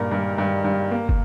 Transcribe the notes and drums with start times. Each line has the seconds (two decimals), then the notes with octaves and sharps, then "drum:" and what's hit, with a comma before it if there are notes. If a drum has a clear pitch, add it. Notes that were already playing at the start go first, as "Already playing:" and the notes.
Already playing: G2 A#2 A#4
0.11 G2
0.38 G2
0.64 G2
0.91 A#3
1.09 drum: kick